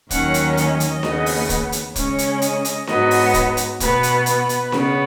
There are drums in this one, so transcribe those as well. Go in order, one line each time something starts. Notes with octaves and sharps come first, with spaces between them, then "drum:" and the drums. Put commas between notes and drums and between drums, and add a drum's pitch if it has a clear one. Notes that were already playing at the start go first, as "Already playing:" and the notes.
D#2 D#3 F#3 C#4 F#5, drum: kick, hi-hat
drum: hi-hat
D#5, drum: hi-hat
drum: hi-hat
D#2 C#3 B3, drum: snare D4
drum: open hi-hat
drum: kick, hi-hat
drum: hi-hat
C#3 G#3 C#4 C#5, drum: kick, hi-hat
drum: hi-hat
D#5, drum: hi-hat
drum: hi-hat
G#2 F#3 B3 D#5, drum: snare D4
drum: open hi-hat
drum: kick, hi-hat
drum: hi-hat
B2 B3 B4, drum: kick, hi-hat
drum: hi-hat
B4, drum: hi-hat
drum: hi-hat
C#3 B3, drum: snare D4